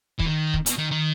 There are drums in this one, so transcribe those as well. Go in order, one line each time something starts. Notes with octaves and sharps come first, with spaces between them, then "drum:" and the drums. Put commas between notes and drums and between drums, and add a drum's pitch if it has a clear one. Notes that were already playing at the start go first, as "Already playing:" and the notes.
E3, drum: kick
D#3
drum: kick
B2, drum: hi-hat
D#3
D#3